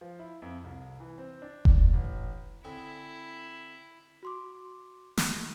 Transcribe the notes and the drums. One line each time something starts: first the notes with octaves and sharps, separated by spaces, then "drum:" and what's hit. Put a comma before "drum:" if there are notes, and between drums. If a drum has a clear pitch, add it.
F3
E4
F2
C2
E3
C4
D4
drum: kick F1
A1
D3 C4 E4 G#4
F#4 C6 D6
drum: snare